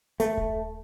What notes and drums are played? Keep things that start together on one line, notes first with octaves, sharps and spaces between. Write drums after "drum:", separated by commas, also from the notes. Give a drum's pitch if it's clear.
A3, drum: hi-hat
drum: kick D#1